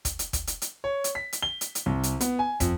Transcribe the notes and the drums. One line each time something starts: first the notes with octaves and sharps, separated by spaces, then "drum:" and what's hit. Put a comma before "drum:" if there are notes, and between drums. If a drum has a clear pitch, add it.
drum: kick, hi-hat
drum: hi-hat
drum: kick, hi-hat
drum: hi-hat
drum: hi-hat
C#5
drum: hi-hat
B6
drum: hi-hat
G7
drum: hi-hat
drum: hi-hat
C2
drum: hi-hat
B3, drum: hi-hat
G#5
F2, drum: kick, hi-hat